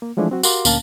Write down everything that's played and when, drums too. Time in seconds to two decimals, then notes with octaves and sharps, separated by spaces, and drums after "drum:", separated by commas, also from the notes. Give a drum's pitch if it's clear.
0.02 A#3
0.17 E3 F3 G#3 A3 D4 E4
0.30 F#3 C4 F#4
0.43 F#4 G4 A#4 F5 C6 D6, drum: tambourine
0.65 D2 A#2 A#3 C#4 F5 A5, drum: tambourine